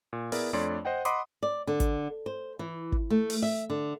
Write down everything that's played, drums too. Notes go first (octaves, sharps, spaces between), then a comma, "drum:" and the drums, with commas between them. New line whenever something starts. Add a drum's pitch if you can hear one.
A#2
B3 E4 G#4 A#4 D5 E5, drum: open hi-hat
F2 A3 D4 C#5 D5 C6
C5 D#5 F#5 G5
D#5 F#5 B5 C6 D6 D#6, drum: hi-hat
D5
D3
drum: kick, hi-hat
C5
E3
drum: kick
A3
drum: open hi-hat
E5
D3